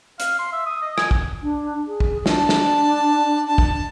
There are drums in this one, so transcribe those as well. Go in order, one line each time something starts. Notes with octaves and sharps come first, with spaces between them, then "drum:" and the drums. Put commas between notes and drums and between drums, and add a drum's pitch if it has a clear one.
F5, drum: hi-hat
C6
E5
D#6
D#5
G#5, drum: rim click
drum: kick
D4
G#4
drum: kick
D4 D5 A5, drum: snare
drum: snare
A5
drum: kick